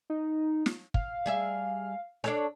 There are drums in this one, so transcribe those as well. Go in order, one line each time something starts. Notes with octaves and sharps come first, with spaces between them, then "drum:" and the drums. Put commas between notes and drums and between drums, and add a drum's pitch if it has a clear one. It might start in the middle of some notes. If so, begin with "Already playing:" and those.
D#4
drum: snare
F5, drum: kick
G3 G#4 E5
D4 A4 C#5, drum: rim click